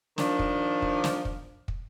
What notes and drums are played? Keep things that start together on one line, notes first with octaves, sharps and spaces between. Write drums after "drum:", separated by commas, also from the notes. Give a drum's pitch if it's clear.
D#3 F3 D4, drum: snare
drum: kick
drum: kick
drum: snare
drum: kick
drum: kick